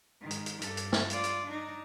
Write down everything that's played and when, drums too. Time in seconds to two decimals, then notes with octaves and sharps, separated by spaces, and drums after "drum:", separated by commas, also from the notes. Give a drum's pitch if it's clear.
0.21 G#2 D#3
0.31 drum: hi-hat
0.46 drum: hi-hat
0.62 G2 A4, drum: hi-hat
0.77 drum: hi-hat
0.93 drum: snare
1.10 F4 D5, drum: hi-hat
1.24 drum: hi-hat
1.46 D4 D#4